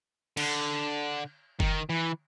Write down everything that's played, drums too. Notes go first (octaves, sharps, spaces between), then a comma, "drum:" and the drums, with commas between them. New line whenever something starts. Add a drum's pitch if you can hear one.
D3, drum: cymbal
D#3, drum: kick F#1
E3